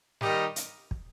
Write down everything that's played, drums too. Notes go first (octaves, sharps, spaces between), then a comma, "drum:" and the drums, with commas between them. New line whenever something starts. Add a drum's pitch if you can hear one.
D#3 G3 D#4 G4, drum: snare
drum: hi-hat
drum: kick